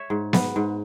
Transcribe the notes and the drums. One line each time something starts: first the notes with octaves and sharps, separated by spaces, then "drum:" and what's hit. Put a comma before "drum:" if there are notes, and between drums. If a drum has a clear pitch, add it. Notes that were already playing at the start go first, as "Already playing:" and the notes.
Already playing: C#5 E5
G#2
B3, drum: snare B3
G#2